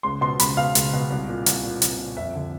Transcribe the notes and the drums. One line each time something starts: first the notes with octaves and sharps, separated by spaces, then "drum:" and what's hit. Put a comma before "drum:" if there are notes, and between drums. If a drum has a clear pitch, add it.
C#2 C6
B2 C6
C#2 B5, drum: hi-hat
B2 F5
C#2, drum: hi-hat
B2
C2
A#2
C2, drum: hi-hat
A#2
C2, drum: hi-hat
A#2
F2 E5
D3